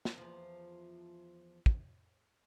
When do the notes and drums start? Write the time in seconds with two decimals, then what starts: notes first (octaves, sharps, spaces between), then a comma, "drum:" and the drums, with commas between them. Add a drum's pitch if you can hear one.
0.05 drum: snare
0.18 E2 F3
1.66 drum: kick